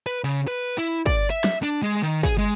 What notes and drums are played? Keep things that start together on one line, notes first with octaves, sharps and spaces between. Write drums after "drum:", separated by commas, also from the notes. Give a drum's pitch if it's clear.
B4
C#3
B4
E4
D5, drum: kick
E5
drum: snare
D4
G#3
D#3
G#4, drum: kick
G#3